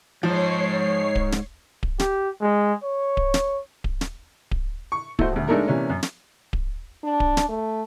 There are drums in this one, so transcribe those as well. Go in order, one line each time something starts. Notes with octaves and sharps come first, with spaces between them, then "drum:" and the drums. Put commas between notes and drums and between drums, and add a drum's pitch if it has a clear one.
G#2 F3 C5 C#5 C7
drum: kick D1
drum: snare
drum: kick D1
G4, drum: snare
G#3
C#5
drum: kick D1
drum: snare
drum: kick D1
drum: snare
drum: kick D1
C#6
A3 F#4 C5, drum: kick D1
D#1 D2
G#3 A3 D4 D#4 A4 A#4
C3 E3 A#3 C#4 D4
F#2
drum: snare
drum: kick D1
D4
drum: kick D1
drum: snare
A3